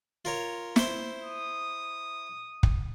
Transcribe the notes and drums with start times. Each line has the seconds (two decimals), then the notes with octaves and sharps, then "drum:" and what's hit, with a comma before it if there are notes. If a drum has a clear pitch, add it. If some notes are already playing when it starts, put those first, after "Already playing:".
0.25 F4 A#4 C#5
0.76 E4 C5, drum: snare
1.23 D#6
2.63 drum: kick